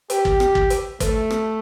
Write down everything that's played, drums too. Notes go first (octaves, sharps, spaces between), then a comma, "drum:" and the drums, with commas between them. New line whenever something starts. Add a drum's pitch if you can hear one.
G4, drum: hi-hat
drum: kick
drum: rim click
drum: kick
drum: hi-hat
A3, drum: kick, hi-hat
drum: rim click